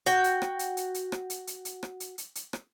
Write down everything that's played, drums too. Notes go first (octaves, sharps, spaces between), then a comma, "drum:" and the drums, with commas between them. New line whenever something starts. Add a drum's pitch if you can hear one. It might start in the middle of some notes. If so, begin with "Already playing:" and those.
F#4 G5, drum: hi-hat
drum: hi-hat
drum: rim click
drum: hi-hat
drum: hi-hat
drum: hi-hat
drum: rim click
drum: hi-hat
drum: hi-hat
drum: hi-hat
drum: rim click
drum: hi-hat
drum: hi-hat
drum: hi-hat
drum: rim click